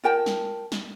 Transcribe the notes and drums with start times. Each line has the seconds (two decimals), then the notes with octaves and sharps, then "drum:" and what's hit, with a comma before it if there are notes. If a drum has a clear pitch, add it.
0.04 F4 A#4 G5 A5
0.26 drum: snare
0.72 drum: snare